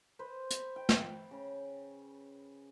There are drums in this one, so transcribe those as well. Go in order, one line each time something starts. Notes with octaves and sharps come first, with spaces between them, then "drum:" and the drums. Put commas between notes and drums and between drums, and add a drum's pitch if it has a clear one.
B4 C5
drum: hi-hat
G5
drum: snare
C#3